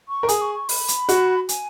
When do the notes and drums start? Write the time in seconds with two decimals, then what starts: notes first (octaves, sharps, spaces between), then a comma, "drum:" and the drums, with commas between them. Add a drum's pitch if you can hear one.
0.09 C#6
0.23 A#4
0.29 G#4 D#6, drum: hi-hat
0.42 C#6
0.55 C#6
0.69 B5, drum: open hi-hat
0.88 drum: hi-hat
1.09 F#4, drum: hi-hat
1.49 G#5, drum: hi-hat